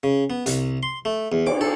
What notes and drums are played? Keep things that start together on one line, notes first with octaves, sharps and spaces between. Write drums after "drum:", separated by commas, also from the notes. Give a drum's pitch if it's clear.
C#3
B3
C2, drum: hi-hat
C6
A3
E2
D6, drum: cymbal
A4